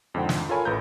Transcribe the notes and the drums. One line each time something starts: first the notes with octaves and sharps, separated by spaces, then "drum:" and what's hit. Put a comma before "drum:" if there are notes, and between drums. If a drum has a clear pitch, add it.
F2 G#2 D3 C5 F#5 G5
drum: snare
F4 A4 A#4 C#5 G#5 B5
A1 A3 B4 A#5 G6